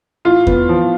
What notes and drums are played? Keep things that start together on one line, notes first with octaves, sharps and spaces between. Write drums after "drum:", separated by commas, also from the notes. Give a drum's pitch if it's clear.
A2 F4
B3, drum: kick E2
F3